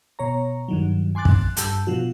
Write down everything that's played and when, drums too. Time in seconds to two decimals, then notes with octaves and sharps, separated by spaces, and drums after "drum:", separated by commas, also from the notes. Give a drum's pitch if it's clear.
0.19 B2 C#5 A#5
0.68 G2 D#3 F#3
1.15 G#5 C6 D6 F#6 A6
1.25 drum: kick
1.57 G2 A5 E6 G6, drum: hi-hat
1.87 B2 F3 F#4